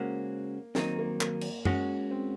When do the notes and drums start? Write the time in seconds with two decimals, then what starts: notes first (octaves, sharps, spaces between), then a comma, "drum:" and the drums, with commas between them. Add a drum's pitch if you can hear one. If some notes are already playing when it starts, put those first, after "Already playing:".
Already playing: C#3 G#3 A#3 C#4 F#4 C5
0.75 D#3 F#3 A#3 C4 D#4, drum: snare
0.98 A#3
1.21 A#3, drum: clap
1.41 drum: cymbal
1.65 G#3 C#4 F#4, drum: tom
2.11 C4